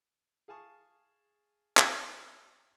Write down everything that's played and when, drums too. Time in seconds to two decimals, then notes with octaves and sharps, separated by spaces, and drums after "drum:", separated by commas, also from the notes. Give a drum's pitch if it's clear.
0.48 G#4 F5 G#5 A5 C#6 D#6
1.77 drum: clap